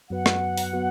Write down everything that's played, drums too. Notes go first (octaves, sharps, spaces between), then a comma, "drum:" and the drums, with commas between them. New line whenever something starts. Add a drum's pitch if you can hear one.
F#2 F#3 B3 F#4 B4 F#5
drum: rim click
drum: open hi-hat
F#3 B3 F#4 B4